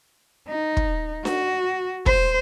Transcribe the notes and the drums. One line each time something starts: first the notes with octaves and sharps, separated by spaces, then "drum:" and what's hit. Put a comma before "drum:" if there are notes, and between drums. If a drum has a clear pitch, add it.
D#4
drum: kick
F#4, drum: snare D4
C5, drum: kick